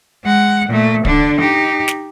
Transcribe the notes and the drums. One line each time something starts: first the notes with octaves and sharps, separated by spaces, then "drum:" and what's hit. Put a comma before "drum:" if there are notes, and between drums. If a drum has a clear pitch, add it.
G#3 F#5
A#2 A3
D3 D4, drum: kick
D#4 G4
drum: snare